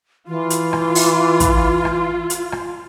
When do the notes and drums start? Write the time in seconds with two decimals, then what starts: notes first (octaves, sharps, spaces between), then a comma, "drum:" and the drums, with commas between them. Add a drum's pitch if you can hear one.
0.28 E3 F4
0.50 drum: hi-hat
0.73 drum: rim click
0.95 drum: open hi-hat
1.40 drum: kick, hi-hat
1.85 drum: rim click
2.30 drum: hi-hat
2.52 drum: rim click